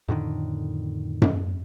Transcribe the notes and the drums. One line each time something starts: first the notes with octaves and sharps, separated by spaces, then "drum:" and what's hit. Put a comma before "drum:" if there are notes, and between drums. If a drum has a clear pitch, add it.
F2 A2 D3 D#3
drum: tom F#2